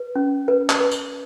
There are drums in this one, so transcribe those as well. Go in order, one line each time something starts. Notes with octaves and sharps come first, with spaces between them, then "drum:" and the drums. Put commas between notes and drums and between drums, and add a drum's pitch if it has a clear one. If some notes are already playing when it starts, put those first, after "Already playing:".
Already playing: B4
C#4
B4
drum: clap
B4
drum: tambourine